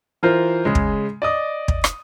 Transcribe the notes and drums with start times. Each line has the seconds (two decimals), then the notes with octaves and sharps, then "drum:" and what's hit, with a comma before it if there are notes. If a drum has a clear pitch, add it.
0.23 E3 F4 A#4 C5
0.65 C#3 G#3
0.75 drum: kick
1.22 D5 D#5 D#6
1.68 drum: kick
1.84 drum: rim click